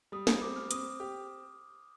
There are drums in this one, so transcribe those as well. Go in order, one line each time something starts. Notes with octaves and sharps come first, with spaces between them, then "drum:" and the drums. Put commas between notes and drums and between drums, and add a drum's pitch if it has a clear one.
G3 D#6
D#6, drum: snare
C4 D6
F6
C4 D#6, drum: hi-hat
G4